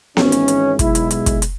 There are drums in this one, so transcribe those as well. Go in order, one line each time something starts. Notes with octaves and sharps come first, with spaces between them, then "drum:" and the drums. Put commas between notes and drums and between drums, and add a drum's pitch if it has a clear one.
G#1 G#2 E3 G#3 C#4, drum: snare B3
drum: hi-hat
drum: hi-hat
B1 B2 G#3 E4, drum: kick, hi-hat
drum: hi-hat
E4, drum: hi-hat
drum: kick, hi-hat
drum: hi-hat